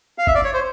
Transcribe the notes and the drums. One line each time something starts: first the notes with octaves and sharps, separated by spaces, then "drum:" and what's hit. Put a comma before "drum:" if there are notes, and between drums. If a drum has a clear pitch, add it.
F5
E5, drum: kick G1
D5
C#5
C5